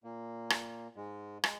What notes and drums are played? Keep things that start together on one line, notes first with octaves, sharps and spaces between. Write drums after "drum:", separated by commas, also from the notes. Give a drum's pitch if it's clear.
A#2 A#3
drum: rim click
G#2 G#3
G#3, drum: rim click